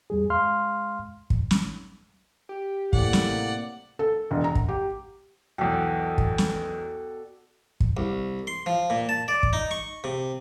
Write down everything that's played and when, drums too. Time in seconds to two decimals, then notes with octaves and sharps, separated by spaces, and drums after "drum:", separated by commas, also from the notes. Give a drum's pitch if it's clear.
0.10 E2 G3 G#4
0.30 G#3 F5 C6 F6
1.30 drum: kick
1.51 drum: snare
2.49 G4
2.93 A2 C3 A#3 D5 F#5, drum: kick
3.13 drum: snare
3.99 A4
4.31 E1
4.44 A#5
4.55 drum: kick
4.69 G4
5.58 B1 E2 B2 A4 D5 G5
6.18 drum: kick
6.38 drum: snare
7.80 drum: kick
7.97 C2
8.47 C6
8.66 F3
8.90 A#2
9.09 A5
9.28 D5
9.43 drum: kick
9.53 D#4
9.71 C#6
10.04 C3